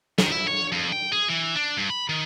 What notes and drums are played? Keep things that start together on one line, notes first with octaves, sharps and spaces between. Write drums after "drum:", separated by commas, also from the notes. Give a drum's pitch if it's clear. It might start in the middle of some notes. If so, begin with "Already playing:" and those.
D#3, drum: snare
E4
C#5
F2
G5
G#4
E3
D4
G2
B5
D#3